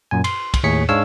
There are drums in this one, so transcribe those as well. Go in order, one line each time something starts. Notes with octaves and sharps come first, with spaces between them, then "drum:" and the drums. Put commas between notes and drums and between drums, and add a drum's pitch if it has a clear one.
F#2 A#2 G#5
C6, drum: cymbal
drum: kick, cymbal
D#2 A2 G#4 C#5 B6 C#7
G#2 G#3 D4 C#5 F5 E6